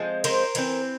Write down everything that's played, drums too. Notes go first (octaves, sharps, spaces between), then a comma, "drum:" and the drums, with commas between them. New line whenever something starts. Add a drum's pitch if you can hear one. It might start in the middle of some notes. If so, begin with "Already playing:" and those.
Already playing: F3 G#3 C4
A#4 C5, drum: cymbal
E3 G3 C4, drum: cymbal